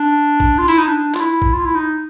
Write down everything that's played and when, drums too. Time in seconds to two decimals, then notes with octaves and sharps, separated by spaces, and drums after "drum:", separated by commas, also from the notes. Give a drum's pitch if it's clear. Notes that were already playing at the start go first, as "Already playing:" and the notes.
Already playing: D4
0.40 drum: kick
0.59 F4
0.68 E4, drum: hi-hat
0.78 D#4
0.87 D4
1.15 F4, drum: clap
1.20 E4
1.42 drum: kick
1.54 F4
1.66 E4
1.75 D#4